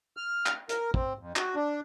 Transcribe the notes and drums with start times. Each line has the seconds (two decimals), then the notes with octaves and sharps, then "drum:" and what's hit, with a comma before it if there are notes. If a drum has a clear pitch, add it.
0.17 F6
0.46 drum: clap
0.69 A#4, drum: hi-hat
0.94 C4, drum: kick
1.19 F2
1.36 F#4, drum: clap
1.55 D4